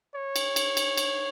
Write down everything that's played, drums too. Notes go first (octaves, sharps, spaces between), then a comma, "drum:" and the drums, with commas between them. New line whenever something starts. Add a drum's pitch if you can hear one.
C#5
drum: cymbal
drum: cymbal
drum: cymbal
drum: cymbal